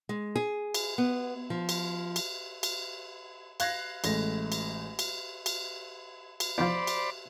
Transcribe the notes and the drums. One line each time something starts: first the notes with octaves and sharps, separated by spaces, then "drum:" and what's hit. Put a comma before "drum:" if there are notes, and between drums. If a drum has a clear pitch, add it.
G#3
G#4
drum: cymbal
B3
F3
drum: cymbal
drum: cymbal
drum: cymbal
F5 F#6 G#6 A#6 C7, drum: cymbal
A1 G#3 A3 A#6, drum: cymbal
drum: cymbal
drum: cymbal
drum: cymbal
drum: cymbal
E2 F3 C5 D5 B5
drum: cymbal